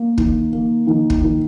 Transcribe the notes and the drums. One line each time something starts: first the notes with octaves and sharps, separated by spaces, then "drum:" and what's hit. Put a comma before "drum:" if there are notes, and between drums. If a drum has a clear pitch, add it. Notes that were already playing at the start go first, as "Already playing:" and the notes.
Already playing: A#3
D#3, drum: kick
A#3
D#3
drum: kick
D#3